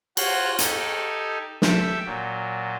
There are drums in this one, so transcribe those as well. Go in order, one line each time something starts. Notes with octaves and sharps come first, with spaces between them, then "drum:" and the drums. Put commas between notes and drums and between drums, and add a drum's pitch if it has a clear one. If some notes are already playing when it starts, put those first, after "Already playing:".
F4 F#4 C5 C#5 F5 F#5, drum: cymbal
D#4 G4 A4 G#5, drum: hi-hat
G4 A4 E5 G5, drum: snare
A#2 F#3